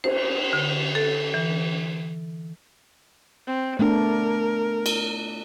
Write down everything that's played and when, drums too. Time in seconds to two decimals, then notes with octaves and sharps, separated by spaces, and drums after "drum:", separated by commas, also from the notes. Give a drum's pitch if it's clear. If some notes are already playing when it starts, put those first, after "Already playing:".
0.04 C5, drum: cymbal
0.53 D3
0.95 A4
1.34 E3
3.47 C4
3.79 A3 B3 D4 A#4
4.86 drum: cymbal